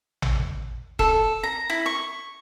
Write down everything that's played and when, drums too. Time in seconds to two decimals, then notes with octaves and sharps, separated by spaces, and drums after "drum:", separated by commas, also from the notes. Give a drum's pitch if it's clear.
0.22 drum: tom A1
0.99 A4, drum: kick E1
1.43 A#5
1.70 E4
1.86 C#6